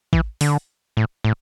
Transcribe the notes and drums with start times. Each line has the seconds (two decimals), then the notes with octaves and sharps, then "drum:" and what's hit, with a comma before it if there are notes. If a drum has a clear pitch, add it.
0.13 E3, drum: kick
0.41 D3, drum: open hi-hat
0.97 A2
1.24 A2